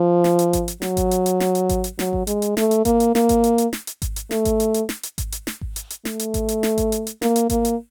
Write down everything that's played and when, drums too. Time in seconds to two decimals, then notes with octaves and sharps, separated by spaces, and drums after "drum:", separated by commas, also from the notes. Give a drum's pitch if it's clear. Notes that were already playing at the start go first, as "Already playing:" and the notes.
Already playing: F3
0.24 drum: snare
0.39 drum: hi-hat
0.53 drum: kick G#1, hi-hat
0.68 drum: hi-hat
0.82 F#3, drum: snare
0.97 drum: kick G#1, hi-hat
1.11 drum: hi-hat
1.26 drum: hi-hat
1.40 drum: snare
1.55 drum: hi-hat
1.69 drum: kick G#1, hi-hat
1.84 drum: hi-hat
1.99 F#3, drum: snare
2.13 drum: kick G#1
2.27 G#3, drum: hi-hat
2.42 drum: hi-hat
2.57 A3, drum: snare
2.71 drum: hi-hat
2.85 A#3, drum: kick G#1, hi-hat
3.00 drum: hi-hat
3.15 A#3, drum: snare
3.29 drum: kick G#1, hi-hat
3.44 drum: hi-hat
3.58 drum: hi-hat
3.73 drum: snare
3.87 drum: hi-hat
4.02 drum: kick G#1, hi-hat
4.16 drum: hi-hat
4.31 A3, drum: snare
4.45 drum: kick G#1, hi-hat
4.60 drum: hi-hat
4.74 drum: hi-hat
4.89 drum: snare
5.03 drum: hi-hat
5.18 drum: kick G#1, hi-hat
5.32 drum: hi-hat
5.47 drum: snare
5.61 drum: kick G#1
5.76 drum: hi-hat
5.90 drum: hi-hat
6.05 A3, drum: snare
6.19 drum: hi-hat
6.34 drum: kick G#1, hi-hat
6.49 drum: hi-hat
6.63 drum: snare
6.78 drum: kick G#1, hi-hat
6.92 drum: hi-hat
7.07 drum: hi-hat
7.22 A#3, drum: snare
7.36 drum: hi-hat
7.50 A#3, drum: kick G#1, hi-hat
7.65 drum: hi-hat